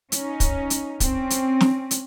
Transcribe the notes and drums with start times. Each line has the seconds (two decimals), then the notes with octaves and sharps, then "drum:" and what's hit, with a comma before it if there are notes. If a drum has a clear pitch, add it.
0.12 C#4 D#4, drum: hi-hat
0.40 drum: kick, hi-hat
0.70 drum: hi-hat
1.00 C4 C#4, drum: kick, hi-hat
1.30 drum: hi-hat
1.61 drum: snare
1.91 drum: hi-hat